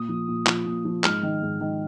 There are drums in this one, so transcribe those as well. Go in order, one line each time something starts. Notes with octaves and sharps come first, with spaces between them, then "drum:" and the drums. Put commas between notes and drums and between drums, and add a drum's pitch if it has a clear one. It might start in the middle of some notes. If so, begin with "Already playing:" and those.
Already playing: A#2 D#6
F3
A#2
F3, drum: clap
A#2
F3
G#2 F6, drum: clap
D#3
G#2
D#3